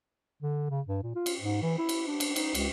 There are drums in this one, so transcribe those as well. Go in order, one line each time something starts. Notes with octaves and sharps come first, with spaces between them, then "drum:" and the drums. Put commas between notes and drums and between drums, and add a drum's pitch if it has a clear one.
D3
C#3
G2
A#2
F4
drum: cymbal
G#2
E3
E4
drum: cymbal
D4
drum: cymbal
D#4, drum: cymbal
C#2, drum: cymbal